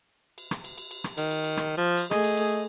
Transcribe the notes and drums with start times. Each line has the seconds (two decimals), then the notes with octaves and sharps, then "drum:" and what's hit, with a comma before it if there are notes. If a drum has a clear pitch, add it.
0.38 drum: cymbal
0.51 drum: rim click
0.64 drum: cymbal
0.78 drum: cymbal
0.91 drum: cymbal
1.04 drum: rim click
1.17 D#3, drum: cymbal
1.31 drum: cymbal
1.44 drum: cymbal
1.57 drum: rim click
1.77 F3
1.97 drum: cymbal
2.11 A3 G#4 D#5, drum: rim click
2.24 drum: cymbal
2.37 drum: cymbal